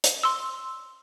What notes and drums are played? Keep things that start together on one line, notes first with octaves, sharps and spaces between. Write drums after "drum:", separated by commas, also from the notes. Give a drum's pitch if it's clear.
drum: hi-hat
C6 E6